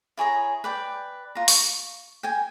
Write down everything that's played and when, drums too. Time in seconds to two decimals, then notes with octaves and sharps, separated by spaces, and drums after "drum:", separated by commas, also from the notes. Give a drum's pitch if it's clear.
0.17 E4 G#4 C#5 A#5
0.64 B4 D5 G5
1.35 F4 A#5
1.48 C#6, drum: open hi-hat
2.23 G5 G#5